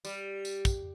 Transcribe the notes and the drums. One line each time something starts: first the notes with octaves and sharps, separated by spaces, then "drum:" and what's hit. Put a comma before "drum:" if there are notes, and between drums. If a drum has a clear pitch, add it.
G3, drum: tambourine
drum: tambourine
drum: kick, tambourine